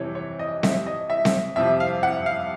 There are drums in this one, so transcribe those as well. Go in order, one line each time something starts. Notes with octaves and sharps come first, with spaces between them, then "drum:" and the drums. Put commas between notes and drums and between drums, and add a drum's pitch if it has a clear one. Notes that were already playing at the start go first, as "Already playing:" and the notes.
Already playing: F2 C3 E3 C#5
C#5
D#5
E5, drum: snare C4
D#5
E5
drum: snare C4
F2 C3 F3 E5
F5
F#5
F5